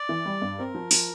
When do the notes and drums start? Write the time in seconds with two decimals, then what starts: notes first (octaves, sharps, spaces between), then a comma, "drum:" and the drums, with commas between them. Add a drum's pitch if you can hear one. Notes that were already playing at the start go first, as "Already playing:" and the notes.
Already playing: D5
0.09 E3
0.26 G3
0.42 G2
0.59 C4 A#4
0.75 F3
0.91 F3, drum: open hi-hat